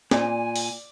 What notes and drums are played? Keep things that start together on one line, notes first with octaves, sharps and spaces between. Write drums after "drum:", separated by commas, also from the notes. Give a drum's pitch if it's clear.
A#2 D5 G#5, drum: snare
drum: open hi-hat